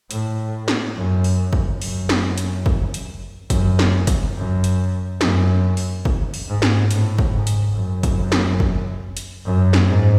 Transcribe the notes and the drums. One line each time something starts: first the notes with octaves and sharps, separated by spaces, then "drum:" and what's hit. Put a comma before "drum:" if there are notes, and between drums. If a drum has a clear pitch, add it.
A2, drum: hi-hat
drum: snare
F#2
drum: open hi-hat
drum: kick
F#2, drum: open hi-hat
drum: snare
drum: hi-hat
drum: kick
drum: hi-hat
F#2, drum: kick, hi-hat
drum: snare
drum: kick, hi-hat
F#2
drum: hi-hat
F#2, drum: snare
drum: open hi-hat
drum: kick
drum: open hi-hat
G#2
drum: snare
A2, drum: hi-hat
drum: kick
G#2
drum: hi-hat
F#2
drum: kick, hi-hat
drum: snare
drum: kick
drum: hi-hat
F#2
drum: snare
G#2